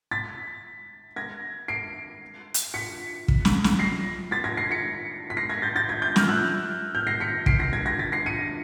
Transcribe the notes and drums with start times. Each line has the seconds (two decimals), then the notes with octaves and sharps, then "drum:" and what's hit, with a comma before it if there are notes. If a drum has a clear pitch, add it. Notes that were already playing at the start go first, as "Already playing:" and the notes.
0.11 A6 B6
1.16 G#6 A#6
1.68 C7 D7
2.54 drum: hi-hat
2.74 B6 C#7
3.28 drum: kick
3.45 drum: snare
3.64 drum: snare
3.79 A#6 C7
4.31 A6 B6
4.44 G#6 A#6
4.57 A#6 C7
4.70 B6 C#7
5.30 B6
5.37 A#6 C7
5.50 G#6 A#6
5.62 G6 A6
5.76 G6 A6
5.89 G#6 A#6
6.02 G6 A6
6.16 F6 G6, drum: snare
6.28 E6 F#6
6.95 F6 G6
7.07 A#6 C7
7.20 B6 C#7
7.46 C7 D7, drum: kick
7.59 A#6 C7
7.73 G#6 A#6
7.86 G#6 A#6
7.99 A6 B6
8.12 A#6 C7
8.26 C#7 D#7